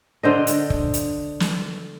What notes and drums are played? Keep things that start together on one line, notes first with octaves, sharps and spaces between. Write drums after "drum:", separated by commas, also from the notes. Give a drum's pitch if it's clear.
D3 C5 D#5
drum: hi-hat
drum: kick
drum: hi-hat
drum: snare